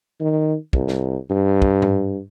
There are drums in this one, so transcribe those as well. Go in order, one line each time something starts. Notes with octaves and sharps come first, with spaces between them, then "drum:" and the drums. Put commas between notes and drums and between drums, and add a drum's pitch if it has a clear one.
D#3
C2, drum: kick
drum: snare
G2
drum: kick
drum: tom G#2